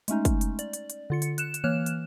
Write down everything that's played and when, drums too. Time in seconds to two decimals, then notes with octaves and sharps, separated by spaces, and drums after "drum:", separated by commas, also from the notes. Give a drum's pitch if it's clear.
0.08 G#3 A3 C#4 D#4, drum: hi-hat
0.25 drum: kick, hi-hat
0.41 drum: hi-hat
0.59 D5, drum: hi-hat
0.73 drum: hi-hat
0.90 drum: hi-hat
1.10 D3 F4 C#7
1.22 drum: hi-hat
1.38 F#6 E7, drum: hi-hat
1.54 drum: hi-hat
1.64 E3 A#3 C#5 F6 F#6 E7
1.86 drum: hi-hat